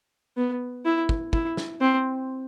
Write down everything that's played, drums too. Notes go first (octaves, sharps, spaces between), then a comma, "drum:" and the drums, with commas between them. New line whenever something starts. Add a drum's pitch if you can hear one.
B3
E4
drum: kick
E4, drum: kick
drum: snare
C4